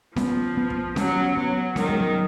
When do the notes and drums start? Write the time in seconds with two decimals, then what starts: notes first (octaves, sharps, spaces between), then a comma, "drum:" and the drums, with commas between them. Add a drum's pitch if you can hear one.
0.16 F3 B3, drum: snare C#4
0.57 B3
0.70 drum: kick
0.96 F#3 C#4, drum: snare C#4
1.37 F#3 B3
1.76 D#3 F#3, drum: snare C#4
1.89 G#3
2.01 F#3